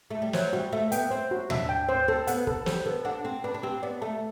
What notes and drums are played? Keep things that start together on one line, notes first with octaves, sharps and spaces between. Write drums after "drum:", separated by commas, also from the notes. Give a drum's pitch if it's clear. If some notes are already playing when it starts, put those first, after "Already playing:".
A3
G3
F#3 C5, drum: snare
G3 F#4
A3 E5
B3 G5, drum: hi-hat
C4 C5
F#4
D4 E5, drum: tom
G5
C4 C5
C4 A4
B3 F#5, drum: hi-hat
A4, drum: kick
G3 C5, drum: snare
B3 A4
D4 F#5
C4 A4
D4 B4
D4
C4 G4
B3 D5
A3 A5